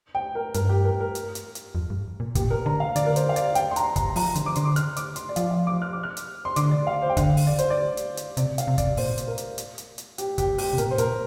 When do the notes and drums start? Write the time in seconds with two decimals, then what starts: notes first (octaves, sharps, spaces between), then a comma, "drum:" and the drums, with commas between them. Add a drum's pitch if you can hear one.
0.15 G5
0.35 A#4
0.54 G2 A#4, drum: hi-hat
0.69 G4
0.85 A#4
1.00 A#4
1.15 drum: hi-hat
1.35 drum: hi-hat
1.55 drum: hi-hat
1.75 F2
1.90 G2
2.20 A#2
2.35 A#2 G4, drum: kick, hi-hat
2.50 A#4
2.66 D3 A#5
2.80 F5
2.96 D3 D5, drum: hi-hat
3.06 A#4
3.16 C5, drum: hi-hat
3.29 F5
3.36 D5, drum: hi-hat
3.55 G5, drum: hi-hat
3.71 C6
3.76 A#5, drum: hi-hat
3.96 A#5, drum: kick, hi-hat
4.16 F3 A#5, drum: open hi-hat
4.35 D3, drum: hi-hat
4.46 D6
4.55 D3 C6, drum: hi-hat
4.65 D6
4.76 F6, drum: hi-hat
4.96 D6, drum: hi-hat
5.16 C6, drum: hi-hat
5.29 D5
5.36 F3 F5, drum: hi-hat
5.51 F5
5.67 D6
5.82 F6
5.93 D6
6.03 F6
6.17 drum: hi-hat
6.45 C6
6.56 D3 D6, drum: hi-hat
6.71 D5
6.87 F5
7.02 C5
7.09 G5
7.17 D3 F5, drum: kick, hi-hat
7.37 drum: open hi-hat
7.47 D5
7.59 C5, drum: hi-hat
7.70 D5
7.97 drum: hi-hat
8.17 drum: hi-hat
8.37 C3 D5, drum: hi-hat
8.58 F5, drum: hi-hat
8.67 C3
8.78 D5, drum: kick, hi-hat
8.97 A#2 C5, drum: open hi-hat
9.18 drum: hi-hat
9.27 A#4
9.38 drum: hi-hat
9.58 drum: hi-hat
9.78 drum: hi-hat
9.98 drum: hi-hat
10.18 G4, drum: hi-hat
10.38 G4, drum: kick, hi-hat
10.58 G4, drum: open hi-hat
10.73 C3
10.78 A#2 A#4, drum: hi-hat
10.91 C5
10.98 A#2 A#4, drum: hi-hat